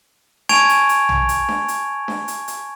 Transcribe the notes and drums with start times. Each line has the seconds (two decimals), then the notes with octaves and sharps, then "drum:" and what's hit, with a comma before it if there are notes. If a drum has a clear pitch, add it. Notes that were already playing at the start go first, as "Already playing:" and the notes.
0.49 G#5 A5 C#6 G#6 D7 F7, drum: snare D4
0.69 drum: hi-hat
0.89 drum: hi-hat
1.09 drum: tom A#1
1.29 drum: hi-hat
1.48 drum: snare D4
1.68 drum: hi-hat
2.08 drum: snare D4
2.28 drum: hi-hat
2.48 drum: hi-hat